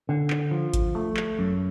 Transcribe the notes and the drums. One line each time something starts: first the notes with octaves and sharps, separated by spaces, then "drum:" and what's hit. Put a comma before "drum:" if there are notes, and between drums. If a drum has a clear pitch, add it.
D3
drum: clap
F3
drum: kick G#1, hi-hat
A3
drum: clap
F#2